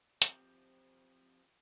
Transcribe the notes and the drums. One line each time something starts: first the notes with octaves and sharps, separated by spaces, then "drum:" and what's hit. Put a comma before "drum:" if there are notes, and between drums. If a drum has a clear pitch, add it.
F3 C4 G4, drum: hi-hat